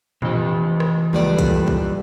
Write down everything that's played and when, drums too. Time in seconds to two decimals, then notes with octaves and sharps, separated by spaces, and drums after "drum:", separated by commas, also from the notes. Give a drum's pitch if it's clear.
0.22 F1 F2 E3 D#5, drum: tom A2
0.80 drum: rim click
1.13 F#1 C#2 F3 G3 A4 B4 D5
1.38 drum: kick, hi-hat
1.68 drum: kick